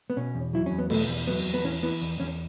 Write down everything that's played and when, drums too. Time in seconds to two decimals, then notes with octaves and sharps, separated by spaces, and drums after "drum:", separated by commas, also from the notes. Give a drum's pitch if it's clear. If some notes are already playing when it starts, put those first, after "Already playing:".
0.10 B3
0.16 B2 C#4
0.35 E2
0.53 F#3 E4
0.66 C#4
0.71 E2
0.78 B3
0.90 B2 A3, drum: cymbal
1.09 E2
1.27 F#3 B3
1.46 E2
1.54 B3
1.64 E3 C#4
1.83 E3 B3
2.02 E2, drum: cymbal
2.20 E2 C#4